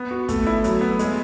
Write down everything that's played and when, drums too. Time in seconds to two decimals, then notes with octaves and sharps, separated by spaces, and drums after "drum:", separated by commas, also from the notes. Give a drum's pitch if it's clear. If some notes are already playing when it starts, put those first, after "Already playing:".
Already playing: B3
0.11 F#4
0.29 A3, drum: kick, hi-hat
0.47 E4
0.64 F#3, drum: hi-hat
0.81 B3
0.99 G#3, drum: hi-hat